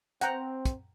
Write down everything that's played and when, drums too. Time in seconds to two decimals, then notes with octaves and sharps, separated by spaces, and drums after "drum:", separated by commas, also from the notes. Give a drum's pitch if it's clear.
0.21 C4 F#5 G5 A#5, drum: hi-hat
0.65 drum: kick, hi-hat